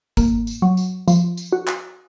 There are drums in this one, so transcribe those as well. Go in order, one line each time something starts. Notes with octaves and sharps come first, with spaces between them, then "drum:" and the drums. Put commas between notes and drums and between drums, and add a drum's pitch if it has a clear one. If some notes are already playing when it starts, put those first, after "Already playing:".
A#3, drum: kick G1, tambourine
drum: tambourine
F#3
drum: tambourine
F3, drum: tambourine
drum: tambourine
F#4
drum: clap